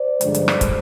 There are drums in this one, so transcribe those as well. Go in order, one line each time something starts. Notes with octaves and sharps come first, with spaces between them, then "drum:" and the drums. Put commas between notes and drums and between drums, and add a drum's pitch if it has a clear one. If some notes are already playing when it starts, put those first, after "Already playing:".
Already playing: C5 D5
G2 D3 F3 G#3, drum: hi-hat
drum: hi-hat
drum: rim click
drum: kick, hi-hat